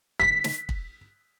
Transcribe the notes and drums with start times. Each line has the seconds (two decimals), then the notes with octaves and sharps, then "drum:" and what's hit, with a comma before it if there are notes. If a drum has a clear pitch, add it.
0.20 B6, drum: kick
0.44 drum: snare
0.69 drum: kick